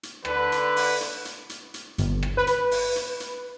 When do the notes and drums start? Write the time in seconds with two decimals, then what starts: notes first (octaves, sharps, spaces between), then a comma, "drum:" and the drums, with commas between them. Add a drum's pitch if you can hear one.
0.03 drum: hi-hat
0.25 D3 B4, drum: rim click
0.52 drum: hi-hat
0.76 drum: open hi-hat
1.01 drum: hi-hat
1.25 drum: hi-hat
1.49 drum: hi-hat
1.74 drum: hi-hat
1.98 G1, drum: hi-hat
2.23 drum: rim click
2.37 B4
2.47 drum: hi-hat
2.71 drum: open hi-hat
2.96 drum: hi-hat
3.20 drum: hi-hat